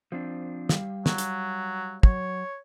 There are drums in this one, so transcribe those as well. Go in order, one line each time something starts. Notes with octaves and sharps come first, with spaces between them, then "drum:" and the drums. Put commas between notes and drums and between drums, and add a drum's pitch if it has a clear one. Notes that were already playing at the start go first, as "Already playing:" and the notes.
F3 C4 D4
G3 F5, drum: snare
F#3, drum: snare
drum: hi-hat
F#3 C#5, drum: kick